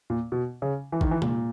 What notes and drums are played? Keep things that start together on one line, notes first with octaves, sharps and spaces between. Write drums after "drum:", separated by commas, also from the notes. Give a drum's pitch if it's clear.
A#2
B2
C#3
E3
D#3, drum: kick
E3
A#2, drum: tom C3